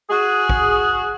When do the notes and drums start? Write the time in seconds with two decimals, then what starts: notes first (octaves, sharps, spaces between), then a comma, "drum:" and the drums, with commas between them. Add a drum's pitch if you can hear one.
0.10 F#4 G#4
0.49 drum: kick